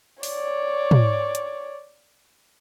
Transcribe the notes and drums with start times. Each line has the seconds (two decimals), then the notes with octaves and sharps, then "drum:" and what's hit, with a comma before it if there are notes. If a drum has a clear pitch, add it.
0.23 C#5 D5, drum: open hi-hat
0.91 drum: tom
1.35 drum: hi-hat